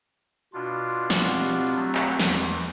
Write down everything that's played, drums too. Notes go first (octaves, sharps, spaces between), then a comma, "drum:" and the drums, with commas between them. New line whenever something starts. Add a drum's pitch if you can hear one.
B2 D4 F4 F#4 C6
drum: snare
C4 G4 F#5
F#3 A3
drum: clap
E2, drum: snare